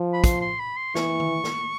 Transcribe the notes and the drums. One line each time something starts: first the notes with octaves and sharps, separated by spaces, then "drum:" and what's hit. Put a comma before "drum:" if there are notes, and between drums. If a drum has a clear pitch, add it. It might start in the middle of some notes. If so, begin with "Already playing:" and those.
Already playing: F3
B5
C6, drum: kick, hi-hat
C6
B5
C6
E3 C#6, drum: snare
drum: tom D#3
drum: snare